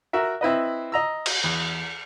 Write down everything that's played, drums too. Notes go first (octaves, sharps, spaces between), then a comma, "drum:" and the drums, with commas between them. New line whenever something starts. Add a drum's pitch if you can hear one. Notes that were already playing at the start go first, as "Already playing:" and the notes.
F#4 A#4 E5
C4 E4 B4 D#5
D#5 A#5 E6
drum: cymbal
E2